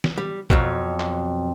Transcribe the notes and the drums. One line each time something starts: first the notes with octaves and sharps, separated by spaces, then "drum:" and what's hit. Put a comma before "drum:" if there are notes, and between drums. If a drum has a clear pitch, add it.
drum: snare
G3
F2 B2 F3 F#3, drum: kick
drum: clap